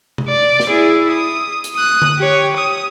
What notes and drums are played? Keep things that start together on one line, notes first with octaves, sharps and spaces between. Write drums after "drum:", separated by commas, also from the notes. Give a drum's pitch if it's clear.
drum: tom C3
D5
drum: snare
E4 G#4
D#6
drum: hi-hat
D#6 F#6
drum: tom D3
G4 C#5
D#6